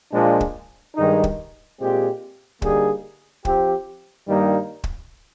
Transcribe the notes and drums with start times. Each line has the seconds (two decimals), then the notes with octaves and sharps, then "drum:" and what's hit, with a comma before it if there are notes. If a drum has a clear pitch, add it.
0.12 A#2 F3 G#3 D4
0.40 drum: kick
0.95 G2 D#3 G#3 D#4
1.24 drum: kick
1.80 A#2 G#3 C4 G4
2.62 D3 G3 A#3 D#4 G#4, drum: kick
3.45 F3 C4 G4, drum: kick
4.28 G2 D#3 G3 A#3 D#4
4.84 drum: kick